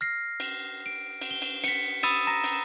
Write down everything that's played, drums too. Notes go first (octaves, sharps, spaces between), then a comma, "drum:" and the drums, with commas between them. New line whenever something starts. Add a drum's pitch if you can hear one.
F6 A#6 C7
drum: cymbal
D7
drum: cymbal
G7
drum: cymbal
B6 C#7, drum: cymbal
B5 D#6 E6 A6 D#7 E7, drum: cymbal
A#5 A#6
drum: cymbal